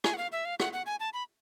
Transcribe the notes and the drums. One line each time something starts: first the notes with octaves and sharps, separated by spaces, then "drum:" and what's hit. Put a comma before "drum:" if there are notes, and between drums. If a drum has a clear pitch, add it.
G#5, drum: rim click
F#5
F5
E5
F5
F#5, drum: rim click
F#5
G#5
A5
B5